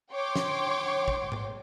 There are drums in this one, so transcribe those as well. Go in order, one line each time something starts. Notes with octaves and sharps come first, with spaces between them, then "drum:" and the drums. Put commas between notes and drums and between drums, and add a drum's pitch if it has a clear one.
C#5 G5 C6 D6
drum: snare
drum: kick
drum: tom G#2